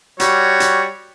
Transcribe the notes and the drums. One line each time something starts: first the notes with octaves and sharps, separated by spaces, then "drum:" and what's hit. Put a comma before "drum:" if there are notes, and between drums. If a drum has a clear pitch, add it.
G3 F#4 C#5, drum: hi-hat
drum: hi-hat